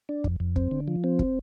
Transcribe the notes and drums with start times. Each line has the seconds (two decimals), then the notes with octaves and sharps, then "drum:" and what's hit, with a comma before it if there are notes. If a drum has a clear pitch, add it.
0.09 D4
0.24 F2, drum: kick
0.40 F2
0.56 C4, drum: kick
0.71 D3
0.88 F3
1.04 C4
1.19 drum: kick